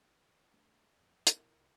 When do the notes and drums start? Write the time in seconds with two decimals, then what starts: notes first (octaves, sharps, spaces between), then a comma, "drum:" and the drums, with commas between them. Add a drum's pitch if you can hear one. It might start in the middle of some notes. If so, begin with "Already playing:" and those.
0.54 A3 C4 D4
0.99 F2 A#2
1.27 B2 E4 A#4, drum: hi-hat
1.56 C2